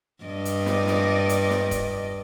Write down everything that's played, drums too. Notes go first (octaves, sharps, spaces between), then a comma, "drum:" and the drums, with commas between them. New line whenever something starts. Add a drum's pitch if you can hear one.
G2 D5 D#5
drum: hi-hat
drum: snare
drum: snare
drum: hi-hat
drum: snare
drum: kick F1, hi-hat